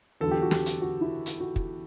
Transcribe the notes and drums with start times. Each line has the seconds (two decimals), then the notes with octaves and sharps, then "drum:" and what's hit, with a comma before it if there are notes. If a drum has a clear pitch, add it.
0.21 E2 D3 F#3 A4
0.31 G4
0.42 F#4
0.51 G4, drum: snare
0.66 drum: hi-hat
0.81 F#4
1.01 E4
1.26 drum: hi-hat
1.40 F#4
1.56 drum: kick